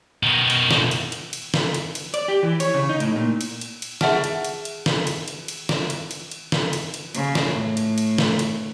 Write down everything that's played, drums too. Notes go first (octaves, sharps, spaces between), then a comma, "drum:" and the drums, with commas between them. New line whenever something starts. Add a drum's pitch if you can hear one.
B2 D#3
drum: cymbal
drum: snare
drum: cymbal
drum: cymbal
drum: cymbal
drum: snare
drum: cymbal
drum: cymbal
D5, drum: cymbal
G4
E3
C#5, drum: cymbal
C#3
D#4
A2, drum: cymbal
A#2
drum: cymbal
drum: cymbal
drum: cymbal
G#4 E5 F#5 A5 F6, drum: snare
drum: cymbal
drum: cymbal
drum: cymbal
drum: snare
drum: cymbal
drum: cymbal
drum: cymbal
drum: snare
drum: cymbal
drum: cymbal
drum: cymbal
drum: snare
drum: cymbal
drum: cymbal
C#3, drum: cymbal
drum: snare
A2
drum: cymbal
drum: cymbal
drum: snare
drum: cymbal